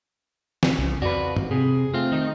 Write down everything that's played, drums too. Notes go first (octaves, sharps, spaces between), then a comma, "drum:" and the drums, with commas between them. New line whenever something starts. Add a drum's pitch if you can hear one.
drum: snare
C2 C#3
F2 F#4 B4 D5
drum: tom
C3 G#4
A3 C4 F4
D#3 D#4